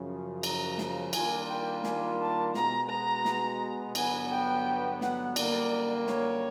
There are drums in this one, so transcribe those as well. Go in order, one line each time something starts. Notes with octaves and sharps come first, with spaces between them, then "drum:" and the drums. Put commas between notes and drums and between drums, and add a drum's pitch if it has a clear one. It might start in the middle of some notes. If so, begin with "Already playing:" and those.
Already playing: F#2 C#3 F3
A#5, drum: cymbal
drum: snare
D#3 G3 A#3 D4 F4 G#5, drum: cymbal
G5
G#5, drum: snare
A5
B2 G#3 B3 A#5, drum: snare
A#5
drum: snare
G2 D3 F#3 B3 G#5, drum: cymbal
G5
F#5, drum: snare
F#2 D3 G3 A#3 D5, drum: cymbal
C#5, drum: snare